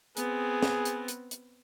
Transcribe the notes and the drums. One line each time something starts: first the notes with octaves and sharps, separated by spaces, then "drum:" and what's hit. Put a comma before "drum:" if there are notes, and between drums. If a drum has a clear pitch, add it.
B3 C4 G#4, drum: hi-hat
drum: snare
drum: hi-hat
drum: hi-hat
drum: hi-hat